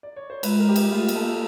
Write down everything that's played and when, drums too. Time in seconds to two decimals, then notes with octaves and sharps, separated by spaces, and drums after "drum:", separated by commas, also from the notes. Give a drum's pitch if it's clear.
0.03 D5
0.16 C#5
0.30 C5
0.43 G#3 B4, drum: cymbal
0.60 A#4
0.69 G4
0.76 G#4, drum: cymbal
0.92 A3 F4
1.08 A#3, drum: cymbal
1.16 A4